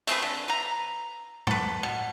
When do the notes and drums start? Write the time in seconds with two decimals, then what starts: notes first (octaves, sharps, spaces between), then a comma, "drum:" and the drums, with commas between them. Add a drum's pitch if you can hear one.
0.07 A3 C4 G#4 B4, drum: hi-hat
0.22 D3
0.48 B4 A#5
1.47 A4 B4, drum: tom
1.83 B2